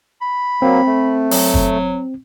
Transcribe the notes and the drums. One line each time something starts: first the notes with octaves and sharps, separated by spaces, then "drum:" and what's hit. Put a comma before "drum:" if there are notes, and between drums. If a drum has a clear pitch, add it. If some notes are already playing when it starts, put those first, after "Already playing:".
B5
F#3 A#3 C4
A3
F#3, drum: open hi-hat
drum: kick